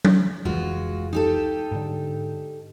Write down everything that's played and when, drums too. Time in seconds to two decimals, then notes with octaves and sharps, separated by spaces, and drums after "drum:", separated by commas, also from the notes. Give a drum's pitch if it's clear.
0.05 drum: tom F#3
0.45 F1 C#2 E3 G#3 F4 F#4
1.13 D#4 G4 A4
1.72 G#2 D3